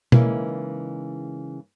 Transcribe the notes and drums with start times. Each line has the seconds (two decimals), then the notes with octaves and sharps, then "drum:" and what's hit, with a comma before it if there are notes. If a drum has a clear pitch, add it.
0.12 C#3 E3 G#3 A#3 D#4 E4, drum: tom